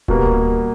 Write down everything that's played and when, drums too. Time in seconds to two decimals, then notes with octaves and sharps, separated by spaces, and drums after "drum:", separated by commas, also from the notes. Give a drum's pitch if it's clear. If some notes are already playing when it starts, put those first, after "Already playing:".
0.08 B2 G3 A#3, drum: kick D1